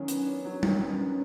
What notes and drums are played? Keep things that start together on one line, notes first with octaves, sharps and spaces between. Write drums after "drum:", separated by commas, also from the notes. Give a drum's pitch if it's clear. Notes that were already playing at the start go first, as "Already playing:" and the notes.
Already playing: D#3 F#3 C#4 D4
B3, drum: hi-hat
D4
F#3
D#3, drum: tom
B3
D4